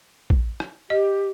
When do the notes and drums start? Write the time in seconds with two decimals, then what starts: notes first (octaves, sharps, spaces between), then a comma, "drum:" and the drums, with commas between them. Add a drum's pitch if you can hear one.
0.30 drum: kick
0.60 drum: rim click
0.90 G4 D#5